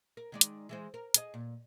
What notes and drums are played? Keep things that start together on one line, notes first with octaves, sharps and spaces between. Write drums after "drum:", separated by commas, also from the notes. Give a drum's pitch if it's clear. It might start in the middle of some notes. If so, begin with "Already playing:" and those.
A#4
D#3 G#3 D5
drum: hi-hat
E3 G#3 C5
A#4
G#4 A#4 D#5, drum: hi-hat
A#2